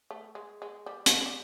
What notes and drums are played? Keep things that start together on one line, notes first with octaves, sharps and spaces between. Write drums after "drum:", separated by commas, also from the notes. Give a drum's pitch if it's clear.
A3
G#3
G#3
G3
drum: hi-hat
G#3
G3